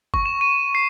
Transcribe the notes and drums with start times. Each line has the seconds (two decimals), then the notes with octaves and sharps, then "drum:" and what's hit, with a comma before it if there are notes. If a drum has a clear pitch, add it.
0.14 C#6, drum: kick
0.26 E7
0.41 D#7
0.75 C7